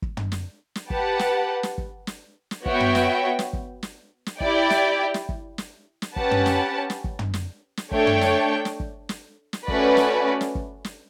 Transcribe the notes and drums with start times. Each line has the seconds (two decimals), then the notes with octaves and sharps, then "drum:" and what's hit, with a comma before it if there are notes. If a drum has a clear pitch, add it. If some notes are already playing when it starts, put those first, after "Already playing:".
0.02 drum: kick
0.17 drum: tom
0.32 drum: snare
0.75 drum: snare
0.90 G4 B4 F#5 A5, drum: kick
1.19 drum: snare
1.63 drum: snare
1.78 drum: kick
2.07 drum: snare
2.51 drum: snare
2.66 B3 F#4 C#5 E5 G5, drum: kick
2.80 drum: tom
2.95 drum: snare
3.39 drum: snare
3.53 drum: kick
3.83 drum: snare
4.26 drum: snare
4.40 E4 G4 D5 G5, drum: kick
4.70 drum: snare
5.14 drum: snare
5.29 drum: kick
5.58 drum: snare
6.02 drum: snare
6.16 C#4 G4 B4 F#5 A5, drum: kick
6.31 drum: tom
6.46 drum: snare
6.90 drum: snare
7.04 drum: kick
7.19 drum: tom
7.34 drum: snare
7.77 drum: snare
7.91 A3 D4 A4 C#5 G5, drum: kick
8.07 drum: tom
8.21 drum: snare
8.65 drum: snare
8.80 drum: kick
9.09 drum: snare
9.53 drum: snare
9.68 A3 C#4 F#4 B4 D5, drum: kick
9.97 drum: snare
10.41 drum: snare
10.55 drum: kick
10.84 drum: snare